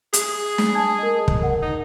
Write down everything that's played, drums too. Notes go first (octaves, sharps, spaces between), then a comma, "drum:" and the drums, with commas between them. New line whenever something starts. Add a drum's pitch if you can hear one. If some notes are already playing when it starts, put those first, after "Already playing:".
G#4, drum: hi-hat
drum: snare
G#5 A5 G#6
A#4 D#5
drum: kick
A#4 F#5
D#4